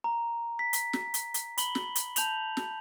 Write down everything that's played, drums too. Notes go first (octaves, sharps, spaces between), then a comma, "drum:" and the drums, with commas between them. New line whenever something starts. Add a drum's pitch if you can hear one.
A#5
B6
drum: hi-hat
drum: snare
drum: hi-hat
drum: hi-hat
B5 F#7 G7, drum: hi-hat
drum: snare
drum: hi-hat
A5 G6 F7 F#7, drum: hi-hat
drum: snare